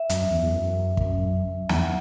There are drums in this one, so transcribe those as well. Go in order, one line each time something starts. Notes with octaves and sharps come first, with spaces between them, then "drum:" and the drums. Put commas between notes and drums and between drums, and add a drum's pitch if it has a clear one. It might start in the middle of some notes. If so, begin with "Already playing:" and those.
Already playing: E5
F#2, drum: hi-hat
E5
E2
E2
F#2
drum: kick
E2, drum: snare
F#5